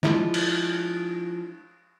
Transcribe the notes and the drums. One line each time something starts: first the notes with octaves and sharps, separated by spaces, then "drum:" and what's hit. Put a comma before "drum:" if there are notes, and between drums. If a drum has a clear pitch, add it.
F3 G#3 D4 E4, drum: snare
drum: cymbal